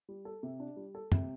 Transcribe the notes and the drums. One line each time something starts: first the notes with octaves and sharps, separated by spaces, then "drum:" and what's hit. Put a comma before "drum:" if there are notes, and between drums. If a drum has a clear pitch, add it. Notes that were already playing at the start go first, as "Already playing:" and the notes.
G3
A4
C3
D4
G3
A4
C3, drum: tom